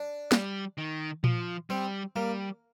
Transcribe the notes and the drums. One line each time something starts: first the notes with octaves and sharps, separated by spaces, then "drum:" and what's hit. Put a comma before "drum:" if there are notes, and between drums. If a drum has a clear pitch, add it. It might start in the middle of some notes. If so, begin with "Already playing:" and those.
Already playing: D4
G3, drum: snare
D#3
F3, drum: tom A#2
G3 C4
G3 A#3